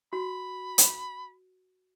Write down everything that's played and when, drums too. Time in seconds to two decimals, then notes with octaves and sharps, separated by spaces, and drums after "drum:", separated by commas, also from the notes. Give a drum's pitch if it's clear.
0.13 F#4 B5
0.78 drum: hi-hat